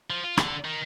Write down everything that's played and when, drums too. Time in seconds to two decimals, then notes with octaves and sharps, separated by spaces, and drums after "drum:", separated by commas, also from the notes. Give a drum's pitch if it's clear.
0.10 F3
0.24 F4
0.37 D3, drum: rim click
0.65 D#3